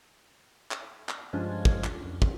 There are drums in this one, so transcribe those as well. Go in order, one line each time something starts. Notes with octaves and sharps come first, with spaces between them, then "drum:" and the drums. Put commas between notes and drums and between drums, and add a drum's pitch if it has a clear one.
drum: clap
drum: clap
G2 F3 G#3 C#4 D4 F4
drum: kick
drum: clap
F2
drum: kick